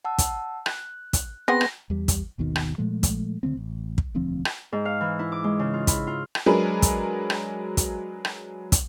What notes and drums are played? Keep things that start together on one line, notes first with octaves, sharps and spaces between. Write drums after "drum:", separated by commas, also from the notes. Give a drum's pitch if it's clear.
F#5 A5 E6
drum: kick, hi-hat
F#6, drum: rim click
drum: kick, hi-hat
B3 C4 G#4 F#5 A#6
drum: rim click
E2 G3
drum: kick, hi-hat
G#1 D#2 B2 D#3
drum: rim click
A#2 F3 G#3 A3
drum: kick, hi-hat
D2 D3 A3 C4
A1
drum: kick
E1 D2 F3 C4
drum: rim click
G#2
F5
E3
E4
D6
G#3
C#3
F4
E4, drum: kick, hi-hat
F4
drum: rim click
F#3 G#3 D4 G#4 A#4 B4
drum: kick, hi-hat
drum: rim click
drum: kick, hi-hat
drum: rim click
drum: kick, hi-hat